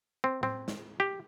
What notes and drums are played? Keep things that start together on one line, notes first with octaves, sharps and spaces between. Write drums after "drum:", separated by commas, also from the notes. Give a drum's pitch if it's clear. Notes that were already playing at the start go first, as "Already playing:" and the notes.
C4
C4, drum: tom A2
drum: snare
G4